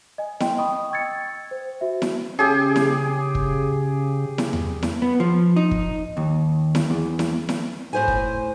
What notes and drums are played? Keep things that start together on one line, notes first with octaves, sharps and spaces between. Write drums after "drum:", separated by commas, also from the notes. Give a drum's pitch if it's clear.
D#5 G#5
D#5 G5 C6, drum: snare E4
D#5 G5 B5 C#6 D#6
G5 C#6 E6 G#6 A6 C#7
C5
F#4 C5 E5
drum: snare E4
C#3 G4 G#4
drum: snare E4
drum: kick
drum: snare E4
drum: tom E2
drum: snare E4
B3
F3
D#4
drum: kick
D#2
drum: snare E4
E2
drum: snare E4
drum: snare E4
A2 C5 G#5
drum: kick